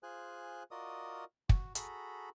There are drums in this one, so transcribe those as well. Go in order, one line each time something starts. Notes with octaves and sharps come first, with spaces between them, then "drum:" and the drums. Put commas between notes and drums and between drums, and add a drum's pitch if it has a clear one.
F4 G#4 C5 G#5 F#6
F4 F#4 A#4 D5 D#5 D#6
F#4, drum: kick
F#4 G#4 A4 A#5 B5, drum: hi-hat